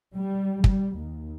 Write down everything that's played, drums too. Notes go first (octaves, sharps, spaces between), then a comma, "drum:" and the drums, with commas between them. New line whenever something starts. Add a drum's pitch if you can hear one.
G3
G3, drum: kick
D#2